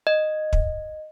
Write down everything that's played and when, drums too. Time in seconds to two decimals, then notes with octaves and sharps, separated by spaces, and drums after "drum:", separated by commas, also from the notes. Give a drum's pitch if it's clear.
0.07 D#5
0.53 drum: kick